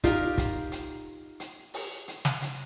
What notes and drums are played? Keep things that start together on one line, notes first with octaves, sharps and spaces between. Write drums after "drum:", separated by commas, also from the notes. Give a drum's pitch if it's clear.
D#4 F4 G4 A#4, drum: kick, hi-hat
drum: kick, hi-hat
drum: hi-hat
drum: hi-hat
drum: open hi-hat
drum: hi-hat
drum: snare
drum: hi-hat